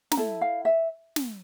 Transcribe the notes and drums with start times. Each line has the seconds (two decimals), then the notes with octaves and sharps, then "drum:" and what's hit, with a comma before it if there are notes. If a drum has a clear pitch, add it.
0.11 A#5, drum: snare
0.17 E4 A4 A5
0.41 F5
0.65 E5
1.16 drum: snare